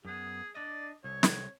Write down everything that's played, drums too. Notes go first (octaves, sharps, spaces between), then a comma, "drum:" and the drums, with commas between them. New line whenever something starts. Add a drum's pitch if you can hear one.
F#2 B3 G#4
D4 D5 D#5
C2 C#5
drum: snare